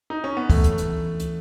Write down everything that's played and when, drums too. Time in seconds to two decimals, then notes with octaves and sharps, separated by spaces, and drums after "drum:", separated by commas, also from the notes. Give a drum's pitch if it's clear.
0.10 D#4
0.24 C#4
0.37 B3
0.50 E3 A3, drum: kick, open hi-hat
0.64 drum: hi-hat
0.78 drum: hi-hat
1.20 drum: hi-hat